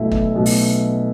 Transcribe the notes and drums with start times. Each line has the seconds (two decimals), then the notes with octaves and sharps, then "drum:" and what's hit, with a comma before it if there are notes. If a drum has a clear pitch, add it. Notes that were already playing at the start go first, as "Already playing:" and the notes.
Already playing: B1 B2 A3 E4
0.12 drum: kick
0.34 B1 B2 A3
0.46 drum: open hi-hat